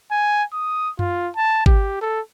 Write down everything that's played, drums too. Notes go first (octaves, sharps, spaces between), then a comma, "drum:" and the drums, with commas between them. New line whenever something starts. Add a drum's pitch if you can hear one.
G#5
D#6
F4, drum: tom F#2
A5
G4, drum: kick
A4